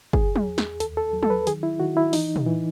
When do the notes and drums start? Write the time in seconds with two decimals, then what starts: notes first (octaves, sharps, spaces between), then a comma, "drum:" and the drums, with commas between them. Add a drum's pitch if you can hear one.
0.13 E2 G#4, drum: kick
0.36 drum: tom
0.47 E2
0.58 drum: snare
0.80 D#2 A4, drum: hi-hat
0.97 A4
1.13 F#3
1.23 A4, drum: tom
1.30 B4
1.47 D#3 G#4, drum: hi-hat
1.63 E4
1.80 D#3 F#4
1.97 E4
2.13 E3 D#4, drum: open hi-hat
2.36 drum: tom
2.46 E3